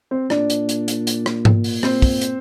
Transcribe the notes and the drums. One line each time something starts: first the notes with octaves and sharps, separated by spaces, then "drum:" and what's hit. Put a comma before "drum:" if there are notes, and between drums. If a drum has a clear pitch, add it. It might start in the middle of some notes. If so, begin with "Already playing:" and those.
C4 C5
A#2 D4 D5, drum: rim click
drum: hi-hat
drum: hi-hat
drum: hi-hat
drum: hi-hat
drum: rim click
drum: tom G#2
drum: open hi-hat
C4 C5, drum: rim click
drum: kick, open hi-hat
drum: hi-hat